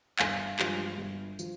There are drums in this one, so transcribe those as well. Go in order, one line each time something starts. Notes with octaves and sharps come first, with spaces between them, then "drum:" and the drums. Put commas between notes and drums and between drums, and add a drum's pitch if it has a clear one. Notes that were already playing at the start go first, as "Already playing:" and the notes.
G1 F5 G#5, drum: clap
G2 F3 G#3, drum: clap
G1
F3, drum: tambourine